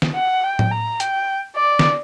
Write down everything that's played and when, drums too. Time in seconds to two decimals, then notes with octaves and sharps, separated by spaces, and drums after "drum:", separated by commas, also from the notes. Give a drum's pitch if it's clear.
0.02 drum: snare
0.15 F#5
0.44 G5
0.59 drum: tom A2
0.72 A#5
1.00 G5, drum: hi-hat
1.56 D5
1.79 drum: snare